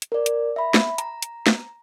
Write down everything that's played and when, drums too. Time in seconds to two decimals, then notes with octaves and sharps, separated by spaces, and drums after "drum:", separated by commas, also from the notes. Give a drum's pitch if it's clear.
0.02 drum: hi-hat
0.12 A#4 D5
0.26 drum: hi-hat
0.56 E5 B5
0.74 drum: snare
0.98 A#5, drum: hi-hat
1.22 drum: hi-hat
1.47 drum: snare